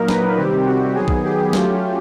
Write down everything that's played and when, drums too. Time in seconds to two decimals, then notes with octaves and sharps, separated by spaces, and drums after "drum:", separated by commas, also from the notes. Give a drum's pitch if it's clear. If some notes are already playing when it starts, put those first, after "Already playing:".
Already playing: A#2 F#3 A#3 D#4 A#4
0.08 B4, drum: snare
0.37 C3 D#3 G3 C4 G4
0.66 F#4
0.95 D#3 F#3 B3 G#4
1.08 drum: kick B1
1.24 G4
1.53 F#3 A3 C#4 F4 G4, drum: snare